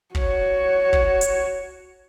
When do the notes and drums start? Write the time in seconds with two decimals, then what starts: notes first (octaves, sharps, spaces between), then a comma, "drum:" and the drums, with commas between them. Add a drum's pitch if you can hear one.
0.15 F#4 C#5, drum: kick
0.93 drum: kick
1.21 drum: hi-hat